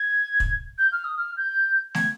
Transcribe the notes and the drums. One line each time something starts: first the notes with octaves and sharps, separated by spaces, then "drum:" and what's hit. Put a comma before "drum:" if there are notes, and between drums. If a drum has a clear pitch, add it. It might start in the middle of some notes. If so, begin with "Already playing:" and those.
Already playing: G#6
drum: kick
G6
F6
D#6
F6
G6
G#6, drum: snare